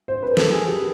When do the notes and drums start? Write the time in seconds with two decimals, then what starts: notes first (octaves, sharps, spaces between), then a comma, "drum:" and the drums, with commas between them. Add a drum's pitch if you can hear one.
0.08 C5
0.23 B4
0.31 A#4
0.37 A4, drum: snare
0.53 G#4
0.67 G4